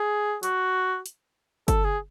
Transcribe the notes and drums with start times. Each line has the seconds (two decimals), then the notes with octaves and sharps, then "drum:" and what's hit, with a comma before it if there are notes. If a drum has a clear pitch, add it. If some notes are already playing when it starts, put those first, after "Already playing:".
Already playing: G#4
0.43 F#4, drum: hi-hat
1.06 drum: hi-hat
1.68 A4, drum: kick G1, hi-hat
1.84 G#4